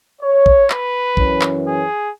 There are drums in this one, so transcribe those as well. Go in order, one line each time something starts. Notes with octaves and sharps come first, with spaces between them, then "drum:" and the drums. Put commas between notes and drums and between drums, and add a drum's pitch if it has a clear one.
C#5
drum: kick
B4, drum: clap
F#2 E3 C#4, drum: kick
drum: clap
G#4